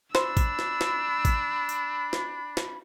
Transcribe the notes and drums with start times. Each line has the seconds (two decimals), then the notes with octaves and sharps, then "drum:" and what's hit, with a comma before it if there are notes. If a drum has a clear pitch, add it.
0.15 D4 C5 B5 E6, drum: snare
0.37 drum: kick A1, tambourine
0.59 drum: snare
0.81 drum: snare
1.25 drum: kick A1, tambourine
1.69 drum: tambourine
2.13 drum: snare
2.57 drum: snare